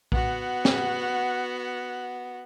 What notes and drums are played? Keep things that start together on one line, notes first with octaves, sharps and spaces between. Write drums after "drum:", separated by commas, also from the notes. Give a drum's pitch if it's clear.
B3 F#4, drum: kick A#1
drum: snare